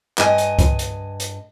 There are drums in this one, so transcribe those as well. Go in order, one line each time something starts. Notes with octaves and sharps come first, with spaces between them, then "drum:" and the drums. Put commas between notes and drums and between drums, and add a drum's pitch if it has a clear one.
G2 D#5 G#5, drum: clap
drum: hi-hat
drum: kick C2, hi-hat
drum: hi-hat
drum: hi-hat